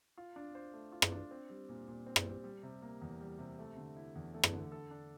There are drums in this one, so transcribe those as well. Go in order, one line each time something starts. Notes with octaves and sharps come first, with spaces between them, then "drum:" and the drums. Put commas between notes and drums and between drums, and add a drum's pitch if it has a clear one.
F4
D4
C5
A3
F4
drum: rim click
D4
C4
G3
A#2
A#2
C4
drum: rim click
G3
G3
C3
A#3
E2
G3
C3
A3
D3
E4
E2
A3
drum: rim click
D3
A4
D4